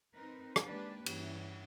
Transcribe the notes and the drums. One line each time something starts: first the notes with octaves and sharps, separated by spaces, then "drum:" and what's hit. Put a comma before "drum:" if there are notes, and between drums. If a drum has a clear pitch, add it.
C4 D#4 A#4 B4
drum: rim click
D#3 G#3 A#3 D4 G4 B4
G2 E3 C#4 E4, drum: cymbal